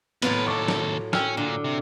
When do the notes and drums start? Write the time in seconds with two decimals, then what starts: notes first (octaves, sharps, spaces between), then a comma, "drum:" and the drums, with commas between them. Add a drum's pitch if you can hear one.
0.22 D#2 A2 F#3 B3 F4 B4, drum: cymbal
0.47 D#2 A4 C#6 D6
0.68 drum: snare
1.13 C#4 G5 E6 F6, drum: snare
1.37 A#2 D3
1.64 C3